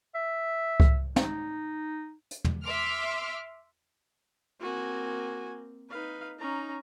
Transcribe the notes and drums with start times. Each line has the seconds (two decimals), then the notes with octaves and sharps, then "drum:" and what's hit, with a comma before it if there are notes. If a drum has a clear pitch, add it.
0.15 E5
0.80 drum: kick C2
1.16 D#4, drum: snare
2.31 drum: hi-hat
2.45 drum: tom E2
2.63 E5 C6 D6 F6
4.61 A#3 C4 F#4 G#5
5.90 D#4 B4 F5
6.39 C#4 D#4 A#5